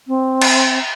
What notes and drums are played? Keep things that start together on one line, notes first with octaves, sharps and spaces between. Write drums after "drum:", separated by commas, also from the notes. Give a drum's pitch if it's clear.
C4
drum: cymbal